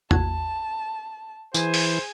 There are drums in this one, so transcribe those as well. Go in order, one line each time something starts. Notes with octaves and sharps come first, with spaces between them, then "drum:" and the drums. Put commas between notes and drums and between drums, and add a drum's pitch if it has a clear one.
A1 F#4 A5 G#6, drum: tom E2
E3 G#4 C5 G#5, drum: tambourine
drum: open hi-hat